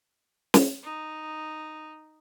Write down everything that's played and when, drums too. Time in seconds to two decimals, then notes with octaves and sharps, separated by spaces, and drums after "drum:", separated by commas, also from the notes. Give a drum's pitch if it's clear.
0.54 drum: snare
0.83 D#4